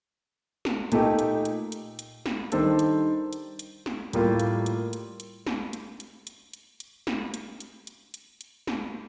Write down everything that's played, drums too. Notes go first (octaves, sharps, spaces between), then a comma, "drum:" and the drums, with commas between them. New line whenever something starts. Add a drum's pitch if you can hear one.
drum: snare
A#2 A3 D#4 G4, drum: hi-hat
drum: hi-hat
drum: hi-hat
drum: hi-hat
drum: hi-hat
drum: snare
D#3 G3 D4 A4 C5, drum: hi-hat
drum: hi-hat
drum: hi-hat
drum: hi-hat
drum: snare
A2 G3 A#3 F4, drum: hi-hat
drum: hi-hat
drum: hi-hat
drum: hi-hat
drum: hi-hat
drum: snare
drum: hi-hat
drum: hi-hat
drum: hi-hat
drum: hi-hat
drum: hi-hat
drum: snare
drum: hi-hat
drum: hi-hat
drum: hi-hat
drum: hi-hat
drum: hi-hat
drum: snare